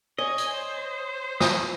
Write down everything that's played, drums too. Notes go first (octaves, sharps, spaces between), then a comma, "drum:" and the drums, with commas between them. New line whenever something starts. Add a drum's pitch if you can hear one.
C#5 D#5 G#5
drum: hi-hat
C5
D#6, drum: snare